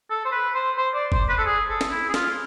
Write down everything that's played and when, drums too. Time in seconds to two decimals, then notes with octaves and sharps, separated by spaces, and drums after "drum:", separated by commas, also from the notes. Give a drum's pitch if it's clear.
0.10 A4
0.25 C5
0.32 B4
0.54 C5
0.77 C5
0.94 D5
1.12 C5, drum: kick F#1
1.29 B4
1.38 A4
1.46 G#4
1.68 A4
1.81 drum: snare
1.91 E4
2.09 G#4
2.14 F4, drum: snare